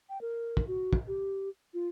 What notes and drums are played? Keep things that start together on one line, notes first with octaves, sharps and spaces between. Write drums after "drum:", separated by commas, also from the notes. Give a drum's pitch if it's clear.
G5
A#4
drum: kick
F#4
drum: kick
G4
F4